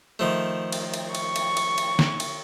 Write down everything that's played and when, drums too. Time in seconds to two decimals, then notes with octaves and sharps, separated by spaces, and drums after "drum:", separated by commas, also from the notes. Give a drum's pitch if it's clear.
0.19 D#3 F3 A3
0.73 drum: cymbal
0.94 drum: cymbal
1.15 C#6, drum: cymbal
1.36 drum: cymbal
1.57 drum: cymbal
1.78 drum: cymbal
1.99 drum: snare
2.20 drum: cymbal